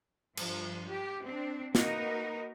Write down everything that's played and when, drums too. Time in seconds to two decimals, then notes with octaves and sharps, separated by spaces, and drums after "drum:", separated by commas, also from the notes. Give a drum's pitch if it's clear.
0.37 G2 F3, drum: cymbal
0.88 G4
1.25 C4 D4
1.75 A#3 D#4 F#4 A#4 B4, drum: snare